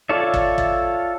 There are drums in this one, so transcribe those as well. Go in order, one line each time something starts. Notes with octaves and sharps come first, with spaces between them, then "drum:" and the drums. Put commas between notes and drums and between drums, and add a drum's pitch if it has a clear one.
F4 A4 C#5 D5 E5
drum: kick
drum: kick